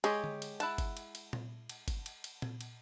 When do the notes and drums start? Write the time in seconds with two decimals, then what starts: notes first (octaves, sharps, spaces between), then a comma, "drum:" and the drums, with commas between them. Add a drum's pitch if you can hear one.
0.04 G#3 G4 G#4 C#5, drum: cymbal
0.24 drum: tom D3
0.42 drum: cymbal
0.60 E4 F#5 A5, drum: cymbal
0.78 drum: kick, cymbal
0.97 drum: cymbal
1.15 drum: cymbal
1.33 drum: tom A#2
1.69 drum: cymbal
1.88 drum: kick, cymbal
2.06 drum: cymbal
2.24 drum: cymbal
2.42 drum: tom A#2
2.61 drum: cymbal